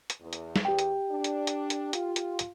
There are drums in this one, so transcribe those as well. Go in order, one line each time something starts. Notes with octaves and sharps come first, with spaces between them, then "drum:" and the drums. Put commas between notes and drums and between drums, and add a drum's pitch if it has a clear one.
drum: hi-hat
E2
drum: hi-hat
drum: snare
G4 G5
drum: hi-hat
D4
drum: hi-hat
drum: hi-hat
drum: hi-hat
F4, drum: hi-hat
drum: hi-hat
drum: hi-hat